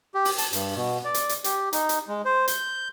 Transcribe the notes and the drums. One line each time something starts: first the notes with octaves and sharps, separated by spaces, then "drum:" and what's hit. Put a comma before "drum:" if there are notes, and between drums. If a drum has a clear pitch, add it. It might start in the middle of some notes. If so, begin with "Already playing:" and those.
G4
drum: open hi-hat
A5, drum: hi-hat
G2, drum: hi-hat
B2
D5
drum: hi-hat
drum: hi-hat
G4, drum: hi-hat
D#4, drum: hi-hat
drum: hi-hat
G#3
C5
G6, drum: hi-hat